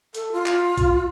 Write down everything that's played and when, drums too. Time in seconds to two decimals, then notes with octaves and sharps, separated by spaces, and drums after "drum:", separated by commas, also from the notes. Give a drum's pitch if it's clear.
0.15 A4, drum: hi-hat
0.32 F4
0.46 drum: clap
0.78 drum: kick B1, hi-hat